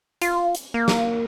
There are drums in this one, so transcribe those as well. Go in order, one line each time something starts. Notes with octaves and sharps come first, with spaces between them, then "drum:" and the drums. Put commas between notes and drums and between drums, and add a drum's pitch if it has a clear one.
F4, drum: hi-hat
drum: hi-hat
A#3
drum: snare